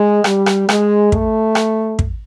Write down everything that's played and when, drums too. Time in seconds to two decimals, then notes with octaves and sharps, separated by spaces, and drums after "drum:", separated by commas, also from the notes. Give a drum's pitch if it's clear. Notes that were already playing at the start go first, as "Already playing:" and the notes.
Already playing: G#3
0.24 G3, drum: rim click
0.46 drum: rim click
0.69 G#3, drum: rim click
1.12 A3, drum: kick
1.55 drum: rim click
1.99 drum: kick